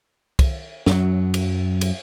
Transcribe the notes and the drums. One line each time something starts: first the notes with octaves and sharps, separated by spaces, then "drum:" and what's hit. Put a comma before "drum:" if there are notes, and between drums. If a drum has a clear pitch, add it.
drum: kick, cymbal
F#2 F#3, drum: snare
drum: cymbal
drum: cymbal